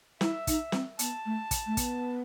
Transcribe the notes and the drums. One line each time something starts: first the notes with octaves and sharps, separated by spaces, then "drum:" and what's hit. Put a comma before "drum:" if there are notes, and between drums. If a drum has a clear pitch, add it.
E4 E5, drum: snare
D#4, drum: kick, hi-hat
C4, drum: snare
B3 A5, drum: hi-hat
A3
drum: kick, hi-hat
A3
B3, drum: kick, hi-hat